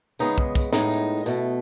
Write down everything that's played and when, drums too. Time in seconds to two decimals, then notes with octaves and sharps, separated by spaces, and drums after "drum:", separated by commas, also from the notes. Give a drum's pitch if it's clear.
0.19 C#3 G#3 B3 D#4, drum: tambourine
0.38 drum: kick
0.55 drum: kick, tambourine
0.73 A2 G#3 B3 D#4, drum: snare
0.91 drum: tambourine
1.26 B2 A3, drum: tambourine